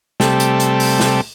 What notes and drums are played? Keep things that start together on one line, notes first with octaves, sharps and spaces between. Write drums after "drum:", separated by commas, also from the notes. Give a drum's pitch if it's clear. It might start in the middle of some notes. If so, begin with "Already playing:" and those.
C3 G3 A3, drum: snare
drum: hi-hat
drum: hi-hat
drum: open hi-hat
drum: snare